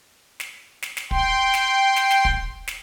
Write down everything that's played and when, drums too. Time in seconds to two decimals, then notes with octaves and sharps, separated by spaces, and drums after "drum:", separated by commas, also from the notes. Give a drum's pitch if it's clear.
0.40 drum: snare
0.82 drum: snare
0.97 drum: snare
1.11 G5 C6, drum: kick
1.54 drum: snare
1.96 drum: snare
2.11 drum: snare
2.25 drum: kick
2.67 drum: snare